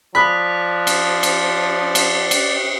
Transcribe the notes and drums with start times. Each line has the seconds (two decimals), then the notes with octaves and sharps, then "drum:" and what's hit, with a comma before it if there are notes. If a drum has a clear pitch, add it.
0.15 F3 D5 B5 D#6 F#6 B6
0.87 drum: cymbal
1.23 drum: cymbal
1.95 drum: cymbal
2.31 drum: cymbal